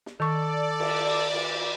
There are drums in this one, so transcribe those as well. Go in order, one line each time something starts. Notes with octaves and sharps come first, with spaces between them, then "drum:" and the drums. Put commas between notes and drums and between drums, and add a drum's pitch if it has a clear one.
drum: snare
D#3 A4 D5 C#6
drum: cymbal
drum: cymbal